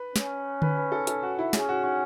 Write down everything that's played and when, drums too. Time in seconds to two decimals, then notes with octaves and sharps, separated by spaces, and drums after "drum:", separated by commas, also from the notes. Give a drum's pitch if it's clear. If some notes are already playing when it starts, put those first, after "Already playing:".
Already playing: B4
0.16 C#4, drum: snare
0.62 B4, drum: tom D3
0.77 B4
0.92 A4
1.07 A4, drum: hi-hat
1.23 F#4
1.39 E4
1.53 C#4 G#4, drum: snare
1.69 F#4
1.83 F#4